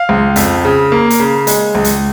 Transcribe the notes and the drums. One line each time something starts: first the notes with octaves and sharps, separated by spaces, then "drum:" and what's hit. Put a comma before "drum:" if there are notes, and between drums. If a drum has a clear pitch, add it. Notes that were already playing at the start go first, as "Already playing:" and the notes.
Already playing: F5
C#2
F2, drum: hi-hat
C#3
A#3
drum: hi-hat
C#3
G#3, drum: hi-hat
C#2
drum: hi-hat